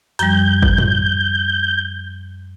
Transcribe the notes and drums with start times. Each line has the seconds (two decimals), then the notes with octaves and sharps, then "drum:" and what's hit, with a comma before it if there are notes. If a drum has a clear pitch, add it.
0.19 F#2 F3 G3 G6, drum: hi-hat
0.62 drum: kick
0.78 drum: tom G#2